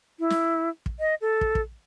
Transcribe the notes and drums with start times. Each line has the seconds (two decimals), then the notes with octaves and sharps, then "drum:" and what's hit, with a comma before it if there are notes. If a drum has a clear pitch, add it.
0.19 E4
0.30 drum: snare
0.86 drum: kick
1.00 D#5
1.21 A4
1.41 drum: kick
1.55 drum: kick